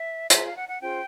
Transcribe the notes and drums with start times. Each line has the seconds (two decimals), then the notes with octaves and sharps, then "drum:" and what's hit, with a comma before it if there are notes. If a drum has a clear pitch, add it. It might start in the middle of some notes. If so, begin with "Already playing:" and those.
Already playing: E5
0.30 F4 G#4 C5 E5, drum: hi-hat
0.44 F5
0.57 F#5
0.69 F#5
0.81 C#4 F4 G#4 C5 G5